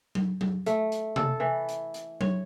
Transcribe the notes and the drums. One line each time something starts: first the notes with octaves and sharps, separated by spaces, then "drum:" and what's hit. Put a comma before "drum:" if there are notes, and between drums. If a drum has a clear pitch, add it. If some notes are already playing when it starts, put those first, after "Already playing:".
drum: tom F#3
drum: tom F#3
A3, drum: hi-hat
drum: hi-hat
A4, drum: tom C3
E3
drum: hi-hat
drum: hi-hat
C#5, drum: tom F#3